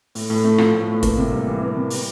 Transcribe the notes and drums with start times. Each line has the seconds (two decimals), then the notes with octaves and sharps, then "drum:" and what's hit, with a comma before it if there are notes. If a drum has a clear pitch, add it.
0.15 A2, drum: open hi-hat
0.30 A2
0.44 A3
0.58 F3, drum: rim click
0.74 A2
0.88 A2
1.03 A#3, drum: kick, hi-hat
1.17 C3
1.32 G3
1.47 E3
1.62 A#3
1.76 C3
1.90 G3, drum: open hi-hat